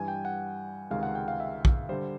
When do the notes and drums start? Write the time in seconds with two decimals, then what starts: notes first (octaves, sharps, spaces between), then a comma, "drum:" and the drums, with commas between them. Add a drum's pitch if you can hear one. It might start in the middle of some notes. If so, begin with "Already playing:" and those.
Already playing: G2 E3 G3 G#5
0.08 G5
0.25 F#5
0.90 C#2 C3 D#3 G#3 F5
1.03 F#5
1.15 G5
1.28 F5
1.40 E5
1.65 drum: kick
1.89 D3 G3 C5